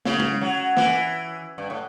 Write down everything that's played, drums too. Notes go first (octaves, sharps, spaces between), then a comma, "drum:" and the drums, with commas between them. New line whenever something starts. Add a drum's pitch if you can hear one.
C#3, drum: snare
drum: tom G#3
F#3
E3, drum: snare
G2
A2